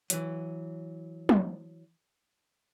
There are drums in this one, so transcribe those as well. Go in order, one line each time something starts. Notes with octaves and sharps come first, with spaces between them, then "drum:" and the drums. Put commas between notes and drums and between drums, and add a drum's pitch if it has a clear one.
E3 F#3, drum: hi-hat
drum: tom